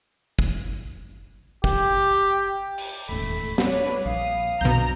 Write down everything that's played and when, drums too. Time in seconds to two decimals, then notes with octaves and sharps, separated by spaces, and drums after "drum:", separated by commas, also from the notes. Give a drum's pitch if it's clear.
0.39 drum: kick
1.64 G4, drum: kick
2.78 drum: open hi-hat
3.09 E1 A1 D#2 A3 B5
3.58 G3 D4 B4 C#5, drum: snare
4.05 A#1 F5 D#6
4.61 B1 F2 B2 D3 A#5 G6